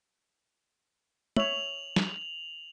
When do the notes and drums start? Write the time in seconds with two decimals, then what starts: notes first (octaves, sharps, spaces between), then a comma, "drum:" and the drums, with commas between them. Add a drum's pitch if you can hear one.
1.36 C#5 E5 F7 F#7, drum: tom
1.96 drum: snare